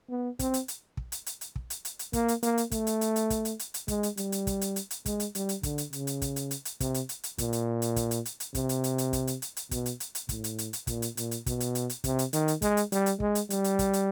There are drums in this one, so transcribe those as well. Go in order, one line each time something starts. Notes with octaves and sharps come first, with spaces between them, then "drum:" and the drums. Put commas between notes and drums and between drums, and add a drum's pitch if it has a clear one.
B3
C4, drum: kick, hi-hat
drum: hi-hat
drum: hi-hat
drum: kick
drum: hi-hat
drum: hi-hat
drum: hi-hat
drum: kick
drum: hi-hat
drum: hi-hat
drum: hi-hat
A#3, drum: kick, hi-hat
drum: hi-hat
A#3, drum: hi-hat
drum: hi-hat
A3, drum: kick, hi-hat
drum: hi-hat
drum: hi-hat
drum: hi-hat
drum: kick, hi-hat
drum: hi-hat
drum: hi-hat
drum: hi-hat
G#3, drum: kick, hi-hat
drum: hi-hat
G3, drum: hi-hat
drum: hi-hat
drum: kick, hi-hat
drum: hi-hat
drum: hi-hat
drum: hi-hat
G#3, drum: kick, hi-hat
drum: hi-hat
G3, drum: hi-hat
drum: hi-hat
D3, drum: kick, hi-hat
drum: hi-hat
C#3, drum: hi-hat
drum: hi-hat
drum: kick, hi-hat
drum: hi-hat
drum: hi-hat
drum: hi-hat
C3, drum: kick, hi-hat
drum: hi-hat
drum: hi-hat
drum: hi-hat
A#2, drum: kick, hi-hat
drum: hi-hat
drum: hi-hat
drum: kick, hi-hat
drum: hi-hat
drum: hi-hat
drum: hi-hat
C3, drum: kick, hi-hat
drum: hi-hat
drum: hi-hat
drum: hi-hat
drum: kick, hi-hat
drum: hi-hat
drum: hi-hat
drum: hi-hat
B2, drum: kick, hi-hat
drum: hi-hat
drum: hi-hat
drum: hi-hat
A2, drum: kick, hi-hat
drum: hi-hat
drum: hi-hat
drum: hi-hat
A#2, drum: kick, hi-hat
drum: hi-hat
A#2, drum: hi-hat
drum: hi-hat
B2, drum: kick, hi-hat
drum: hi-hat
drum: hi-hat
drum: hi-hat
C3, drum: kick, hi-hat
drum: hi-hat
D#3, drum: hi-hat
drum: hi-hat
G#3, drum: kick, hi-hat
drum: hi-hat
G3, drum: hi-hat
drum: hi-hat
G#3, drum: kick
drum: hi-hat
G3, drum: hi-hat
drum: hi-hat
drum: kick, hi-hat
drum: hi-hat